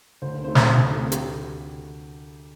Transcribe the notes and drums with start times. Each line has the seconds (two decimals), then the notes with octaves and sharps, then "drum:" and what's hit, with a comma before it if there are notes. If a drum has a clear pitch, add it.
0.22 D2 C5
0.34 C5
0.44 C3 A3 C5
0.55 C5, drum: snare
0.67 D2
0.89 C3 A3
1.12 D2 G4, drum: hi-hat